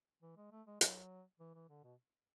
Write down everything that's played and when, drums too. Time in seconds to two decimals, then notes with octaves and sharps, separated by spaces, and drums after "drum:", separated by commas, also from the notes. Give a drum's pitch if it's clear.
0.22 E3
0.37 G#3
0.51 A3
0.67 G#3
0.81 F#3, drum: hi-hat
1.40 E3
1.54 E3
1.69 D3
1.83 B2